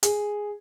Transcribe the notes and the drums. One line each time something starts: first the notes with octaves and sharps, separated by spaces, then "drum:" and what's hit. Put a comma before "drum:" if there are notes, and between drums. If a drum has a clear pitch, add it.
G#4, drum: hi-hat